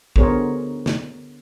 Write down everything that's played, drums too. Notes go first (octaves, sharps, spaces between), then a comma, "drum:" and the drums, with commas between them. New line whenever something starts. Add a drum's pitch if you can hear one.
D3 B3 G#4 A#4 C5 C#5, drum: kick
drum: snare